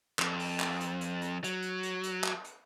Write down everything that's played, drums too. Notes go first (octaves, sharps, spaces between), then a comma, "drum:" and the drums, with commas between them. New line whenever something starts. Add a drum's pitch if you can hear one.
F2, drum: clap
drum: open hi-hat
drum: clap
drum: hi-hat
drum: hi-hat
drum: hi-hat
F#3, drum: hi-hat
drum: hi-hat
drum: hi-hat
drum: hi-hat
drum: clap
drum: hi-hat